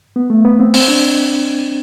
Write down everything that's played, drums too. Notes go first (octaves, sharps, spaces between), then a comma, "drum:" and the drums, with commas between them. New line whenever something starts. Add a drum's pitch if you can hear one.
B3
A3
B3
C4
C4, drum: open hi-hat
D4